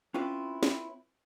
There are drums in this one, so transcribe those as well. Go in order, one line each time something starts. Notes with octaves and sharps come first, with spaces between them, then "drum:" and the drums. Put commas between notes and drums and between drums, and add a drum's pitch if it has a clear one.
C4 C#4 E4 F4 B4
drum: snare